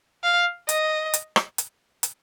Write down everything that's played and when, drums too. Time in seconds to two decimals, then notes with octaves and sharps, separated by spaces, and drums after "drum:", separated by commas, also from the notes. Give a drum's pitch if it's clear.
0.24 F5
0.69 D#5, drum: hi-hat
1.14 drum: hi-hat
1.36 drum: rim click
1.58 drum: hi-hat
2.03 drum: hi-hat